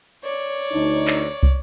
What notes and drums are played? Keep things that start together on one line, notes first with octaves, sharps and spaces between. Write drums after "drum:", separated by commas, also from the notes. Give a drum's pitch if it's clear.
C#5 D5
D2 D4 D#4
drum: clap
drum: kick